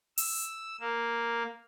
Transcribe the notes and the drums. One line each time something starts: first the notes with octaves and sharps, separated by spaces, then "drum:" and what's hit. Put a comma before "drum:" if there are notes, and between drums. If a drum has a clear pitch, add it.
E6, drum: open hi-hat
A#3